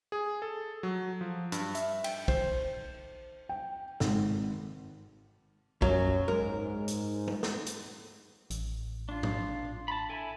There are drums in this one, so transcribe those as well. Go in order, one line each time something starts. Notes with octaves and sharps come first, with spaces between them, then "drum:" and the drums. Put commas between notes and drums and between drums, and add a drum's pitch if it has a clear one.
G#4
A4
F#3
F3
G2, drum: hi-hat
E5, drum: hi-hat
G5, drum: cymbal
C5, drum: kick
G5
G#1, drum: snare
F#2 F#3, drum: kick
G#2 A#4
drum: hi-hat
drum: tom
drum: snare
drum: hi-hat
A1, drum: hi-hat
D4 F4
drum: tom G#2
A5 B5
E4 A4 G#5